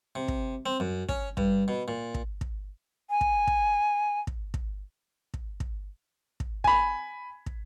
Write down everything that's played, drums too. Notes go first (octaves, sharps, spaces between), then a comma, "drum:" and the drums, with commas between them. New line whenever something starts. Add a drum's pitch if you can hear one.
C3
drum: kick
C4
F#2
C#4, drum: kick
G2, drum: kick
B2
A#2
drum: kick
drum: kick
G#5
drum: kick
drum: kick
drum: kick
drum: kick
drum: kick
drum: kick
drum: kick
G#5 B5, drum: kick
drum: kick